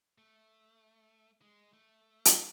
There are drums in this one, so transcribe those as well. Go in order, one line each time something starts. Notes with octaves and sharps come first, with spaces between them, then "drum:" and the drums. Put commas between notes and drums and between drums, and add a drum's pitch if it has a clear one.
A3
G#3
A3
drum: hi-hat